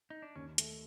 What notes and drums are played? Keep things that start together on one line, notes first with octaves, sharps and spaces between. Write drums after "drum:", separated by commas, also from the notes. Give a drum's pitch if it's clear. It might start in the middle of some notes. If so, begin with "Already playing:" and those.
D#4
D4
D#2 C#4
A3, drum: hi-hat